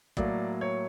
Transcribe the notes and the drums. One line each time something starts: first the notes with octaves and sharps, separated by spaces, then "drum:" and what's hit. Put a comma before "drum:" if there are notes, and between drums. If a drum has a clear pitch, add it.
A2 F#3 A#3 D5, drum: kick
C#5